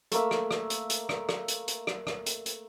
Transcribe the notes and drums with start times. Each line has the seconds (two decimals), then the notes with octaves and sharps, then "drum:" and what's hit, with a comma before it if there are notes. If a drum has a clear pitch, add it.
0.12 A3 A#3 E5, drum: hi-hat
0.31 drum: rim click
0.51 drum: rim click
0.70 drum: hi-hat
0.90 drum: hi-hat
1.09 drum: rim click
1.29 drum: rim click
1.48 drum: hi-hat
1.68 drum: hi-hat
1.87 drum: rim click
2.07 drum: rim click
2.26 drum: hi-hat
2.46 drum: hi-hat